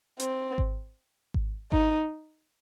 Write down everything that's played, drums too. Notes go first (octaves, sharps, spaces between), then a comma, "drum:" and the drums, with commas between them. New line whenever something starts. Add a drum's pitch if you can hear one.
C4, drum: hi-hat
drum: kick G#1
drum: kick G#1
D#4, drum: kick G#1